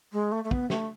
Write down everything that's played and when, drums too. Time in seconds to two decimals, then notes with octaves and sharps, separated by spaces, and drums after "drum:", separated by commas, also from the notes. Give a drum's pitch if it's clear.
0.13 G#3
0.32 A3
0.44 A3
0.51 B3, drum: kick
0.70 A3, drum: snare